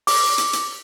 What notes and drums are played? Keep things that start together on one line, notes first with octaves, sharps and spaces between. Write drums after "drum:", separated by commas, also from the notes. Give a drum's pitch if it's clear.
D6, drum: open hi-hat
drum: hi-hat
drum: hi-hat